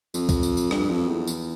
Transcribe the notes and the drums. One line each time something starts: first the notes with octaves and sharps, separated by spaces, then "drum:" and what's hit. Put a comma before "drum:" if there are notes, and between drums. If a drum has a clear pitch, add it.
F2, drum: tambourine
drum: kick, tambourine
drum: tambourine
drum: tambourine
G2, drum: rim click
F2
E2
drum: tambourine